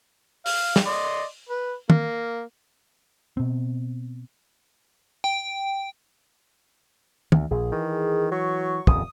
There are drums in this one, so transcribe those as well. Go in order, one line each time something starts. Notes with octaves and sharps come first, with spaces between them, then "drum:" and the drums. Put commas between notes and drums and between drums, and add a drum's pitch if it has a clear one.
F5, drum: open hi-hat
drum: snare
D5 D#5 C6
B4
A#3, drum: tom
B2 C4
G5
D2, drum: tom
A#1 G#4
D#3 E3
F#3 C#6
D#1 F2 C#3 D#6, drum: kick